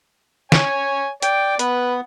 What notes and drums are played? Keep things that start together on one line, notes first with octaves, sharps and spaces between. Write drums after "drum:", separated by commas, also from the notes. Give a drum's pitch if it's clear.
C#5 G#5, drum: snare
D5 G5, drum: hi-hat
B3 B4, drum: hi-hat